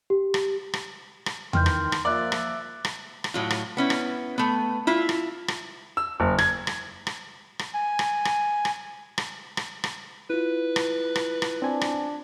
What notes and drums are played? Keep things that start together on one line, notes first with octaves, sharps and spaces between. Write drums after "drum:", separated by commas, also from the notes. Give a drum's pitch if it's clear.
G4
drum: rim click
drum: rim click
drum: rim click
D#3 E3 G5 C6 F6 G6, drum: tom E2
drum: rim click
drum: rim click
F3 A#3 D5 E5 D6 F#6 A6
drum: rim click
drum: rim click
drum: rim click
A2 F#3 F4
drum: rim click
B3 C#4 E4
drum: rim click
A3 B3
E4 F4 E5
drum: rim click
drum: rim click
E6
F#1
G#6, drum: rim click
drum: rim click
drum: rim click
drum: rim click
G#5
drum: rim click
drum: rim click
drum: rim click
drum: rim click
drum: rim click
drum: rim click
E4 F4 B4
drum: rim click
drum: rim click
drum: rim click
C4 D4 G#5
drum: rim click